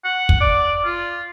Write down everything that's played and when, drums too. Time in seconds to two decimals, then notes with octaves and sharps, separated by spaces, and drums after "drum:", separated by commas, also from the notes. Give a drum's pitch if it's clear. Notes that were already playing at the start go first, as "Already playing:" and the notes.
0.05 F#5
0.29 drum: kick
0.41 D5
0.85 F4